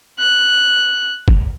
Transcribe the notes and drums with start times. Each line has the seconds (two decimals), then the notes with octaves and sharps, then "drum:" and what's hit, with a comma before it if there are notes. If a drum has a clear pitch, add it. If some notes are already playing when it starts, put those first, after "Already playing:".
0.19 F#6
1.28 drum: kick